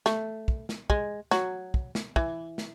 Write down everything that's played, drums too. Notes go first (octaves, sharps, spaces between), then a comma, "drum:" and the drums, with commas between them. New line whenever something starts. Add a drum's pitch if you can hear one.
A3, drum: snare
drum: kick
drum: snare
G#3, drum: kick
F#3, drum: snare
drum: kick
drum: snare
E3, drum: kick
drum: snare